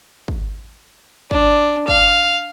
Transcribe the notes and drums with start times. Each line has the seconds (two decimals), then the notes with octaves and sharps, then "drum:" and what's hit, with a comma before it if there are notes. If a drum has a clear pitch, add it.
0.28 drum: kick
1.31 D4, drum: kick
1.88 F5, drum: kick